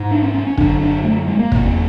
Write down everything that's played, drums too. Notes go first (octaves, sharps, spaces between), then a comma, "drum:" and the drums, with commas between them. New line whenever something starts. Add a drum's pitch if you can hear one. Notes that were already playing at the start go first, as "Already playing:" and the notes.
Already playing: G#2
D4
C#4
C#4
C#4
F#2 D3 D4, drum: kick
D4
A3
G#3
A#3
E2 C3, drum: kick